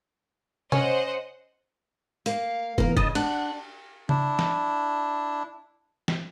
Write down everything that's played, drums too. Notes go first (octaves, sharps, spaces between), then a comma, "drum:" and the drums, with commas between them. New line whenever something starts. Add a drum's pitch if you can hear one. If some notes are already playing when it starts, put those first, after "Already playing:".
C#4 C5 D#5 F#5, drum: tom C3
A#3 F5, drum: hi-hat
E3 A#3 B3 A#4, drum: kick
C#3 D#5 A5 D#6, drum: kick
D4 F#5 F#6, drum: cymbal
D4 E4, drum: tom C#3
drum: snare
drum: snare